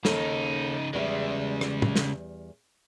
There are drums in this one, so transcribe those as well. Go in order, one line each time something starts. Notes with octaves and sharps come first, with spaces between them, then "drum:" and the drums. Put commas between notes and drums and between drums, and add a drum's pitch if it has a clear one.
D#2 C#3 D#4 A4, drum: snare
E2 C#3 G3 G#3 E5
drum: rim click
drum: tom
drum: snare